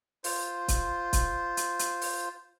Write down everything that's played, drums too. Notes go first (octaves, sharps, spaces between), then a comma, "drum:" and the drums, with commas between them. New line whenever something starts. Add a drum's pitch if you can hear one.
F4 C5, drum: open hi-hat
drum: kick C#1, hi-hat
drum: kick C#1, hi-hat
drum: hi-hat
drum: hi-hat
drum: open hi-hat